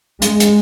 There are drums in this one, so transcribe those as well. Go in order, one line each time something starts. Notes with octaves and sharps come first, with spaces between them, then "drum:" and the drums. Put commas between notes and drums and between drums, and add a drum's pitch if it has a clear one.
G#3, drum: hi-hat
drum: hi-hat